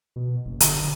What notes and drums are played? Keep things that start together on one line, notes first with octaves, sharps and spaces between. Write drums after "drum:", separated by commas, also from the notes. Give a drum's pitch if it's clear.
B2
F#1
D3, drum: hi-hat